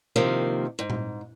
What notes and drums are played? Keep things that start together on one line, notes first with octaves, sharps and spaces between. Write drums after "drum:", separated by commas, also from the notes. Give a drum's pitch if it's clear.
C3 D#3 F3 A#3
G#2
drum: tom A#2